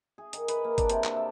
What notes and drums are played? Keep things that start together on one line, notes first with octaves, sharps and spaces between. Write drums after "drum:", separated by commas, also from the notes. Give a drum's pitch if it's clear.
G#4
D#3, drum: hi-hat
B4, drum: hi-hat
A#3
D4, drum: kick, hi-hat
C3, drum: hi-hat
E5, drum: clap
A4